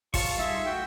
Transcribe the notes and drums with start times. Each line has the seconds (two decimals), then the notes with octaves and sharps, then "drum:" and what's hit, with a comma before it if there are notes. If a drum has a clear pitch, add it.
0.14 F4 A5 C#6, drum: kick G#1, open hi-hat
0.38 G3 D#4 G#4 E5
0.66 A3 F#4 G5